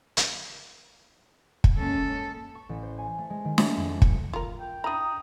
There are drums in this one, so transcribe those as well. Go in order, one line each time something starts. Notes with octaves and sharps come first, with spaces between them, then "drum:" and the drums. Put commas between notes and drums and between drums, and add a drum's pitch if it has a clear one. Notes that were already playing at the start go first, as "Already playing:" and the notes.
drum: hi-hat
drum: kick
G#3 A#3 C#4 A4
C#6
A1
C5
G#5
A3
G#3
D#3
E5, drum: snare
F2
A3
C#7, drum: kick
F4 A#4
G5
D4 E4 A#5 D#6